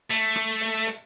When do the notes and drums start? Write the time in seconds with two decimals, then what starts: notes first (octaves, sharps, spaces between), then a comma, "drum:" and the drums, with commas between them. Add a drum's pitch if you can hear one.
0.10 A3, drum: hi-hat
0.36 drum: rim click
0.61 drum: hi-hat
0.87 drum: hi-hat